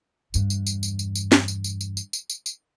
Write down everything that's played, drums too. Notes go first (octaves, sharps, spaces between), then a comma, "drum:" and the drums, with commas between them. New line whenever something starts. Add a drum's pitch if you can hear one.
E2 G2, drum: tambourine
drum: tambourine
drum: tambourine
drum: tambourine
drum: tambourine
drum: tambourine
drum: snare
drum: tambourine
drum: tambourine
drum: tambourine
drum: tambourine
drum: tambourine
drum: tambourine
drum: tambourine